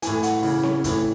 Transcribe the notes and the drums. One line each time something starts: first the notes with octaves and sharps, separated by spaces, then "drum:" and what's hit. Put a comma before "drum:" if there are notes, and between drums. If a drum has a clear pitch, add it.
A2 E3 G#5, drum: hi-hat
F#5, drum: hi-hat
C#3 E3, drum: open hi-hat
C#5, drum: snare C4
A2 E3, drum: kick, hi-hat